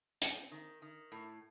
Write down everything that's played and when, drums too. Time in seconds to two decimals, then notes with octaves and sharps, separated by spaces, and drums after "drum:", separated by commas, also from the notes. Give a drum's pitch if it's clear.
0.22 C4, drum: hi-hat
0.51 D#3
0.82 D#3
1.12 A2